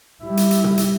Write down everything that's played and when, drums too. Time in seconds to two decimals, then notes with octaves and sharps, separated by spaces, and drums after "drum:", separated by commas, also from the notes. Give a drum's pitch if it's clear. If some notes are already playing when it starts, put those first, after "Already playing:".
0.24 G3 E4
0.37 drum: hi-hat
0.51 drum: hi-hat
0.64 drum: tom A#2
0.77 drum: hi-hat